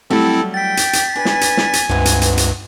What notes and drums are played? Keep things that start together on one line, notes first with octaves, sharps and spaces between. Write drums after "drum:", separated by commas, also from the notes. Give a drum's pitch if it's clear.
F#3 G3 A3 C4 E4 A4
G5 A6 B6
drum: hi-hat
drum: hi-hat
D4 B4 G#5
drum: snare
drum: hi-hat
drum: snare
drum: hi-hat
C#2 G2 C3 G3 B3
drum: hi-hat
drum: hi-hat
drum: hi-hat